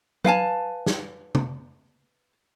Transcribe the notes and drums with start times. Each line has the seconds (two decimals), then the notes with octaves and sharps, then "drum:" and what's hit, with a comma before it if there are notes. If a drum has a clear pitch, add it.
0.25 B4 F5 G#5 A5, drum: tom F#3
0.86 drum: snare
1.35 drum: tom C3